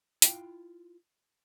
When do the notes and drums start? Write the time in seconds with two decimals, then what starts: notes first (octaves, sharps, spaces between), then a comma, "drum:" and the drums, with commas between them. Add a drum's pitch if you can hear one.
0.22 E4 F4 F5 G5, drum: hi-hat